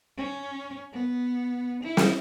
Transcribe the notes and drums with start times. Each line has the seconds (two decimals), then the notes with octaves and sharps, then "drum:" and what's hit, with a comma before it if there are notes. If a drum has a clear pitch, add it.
0.18 C#4
0.93 B3
1.84 E4
1.97 drum: snare